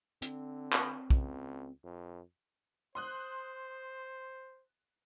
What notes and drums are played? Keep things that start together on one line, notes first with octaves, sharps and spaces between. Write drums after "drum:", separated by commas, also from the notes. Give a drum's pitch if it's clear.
D3 C4, drum: hi-hat
drum: clap
C#2, drum: kick
F2
C5 C6 D#6 F#6